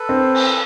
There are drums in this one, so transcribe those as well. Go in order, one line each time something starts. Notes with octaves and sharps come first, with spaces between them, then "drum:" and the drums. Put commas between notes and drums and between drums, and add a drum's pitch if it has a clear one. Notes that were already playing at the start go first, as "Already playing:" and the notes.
Already playing: A4 B4
C4
drum: cymbal